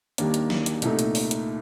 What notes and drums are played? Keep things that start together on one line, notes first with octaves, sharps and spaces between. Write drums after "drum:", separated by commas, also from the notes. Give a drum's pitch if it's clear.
D#2 D#3 G3 A#3 D4, drum: hi-hat
drum: hi-hat
drum: snare
drum: hi-hat
C2 A#2 A3 D#4 A4, drum: hi-hat
drum: hi-hat
drum: open hi-hat
drum: hi-hat